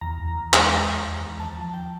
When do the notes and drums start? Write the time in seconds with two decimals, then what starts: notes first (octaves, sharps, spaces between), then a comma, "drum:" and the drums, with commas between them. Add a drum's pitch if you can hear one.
0.01 E2 A#5
0.19 E2
0.35 E2
0.53 G#3, drum: clap
0.70 E2
0.87 E2
1.05 E2
1.21 E2
1.39 D#2 A5
1.57 F3
1.73 D#2 G5